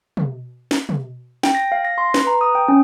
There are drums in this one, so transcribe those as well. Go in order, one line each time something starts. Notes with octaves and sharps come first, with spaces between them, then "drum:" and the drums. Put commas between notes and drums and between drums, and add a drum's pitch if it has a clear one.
drum: tom
drum: snare
drum: tom
G5, drum: snare
A#6
F5
A#6
C6
B4, drum: snare
A#5
D#6
G5
C#4